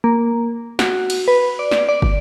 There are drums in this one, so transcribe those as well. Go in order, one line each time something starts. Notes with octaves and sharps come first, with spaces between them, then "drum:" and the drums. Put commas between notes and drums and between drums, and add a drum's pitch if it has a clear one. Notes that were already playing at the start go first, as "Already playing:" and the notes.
A#3
F#4, drum: snare
drum: cymbal
B4
D5
drum: snare
D5
drum: kick